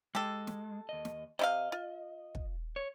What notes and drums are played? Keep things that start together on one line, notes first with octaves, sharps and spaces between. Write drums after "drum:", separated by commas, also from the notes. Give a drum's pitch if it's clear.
G#3 G4 A4
drum: snare
D#2 D#5
drum: snare
C3 E4 D#5 F5
F4
drum: kick
C#5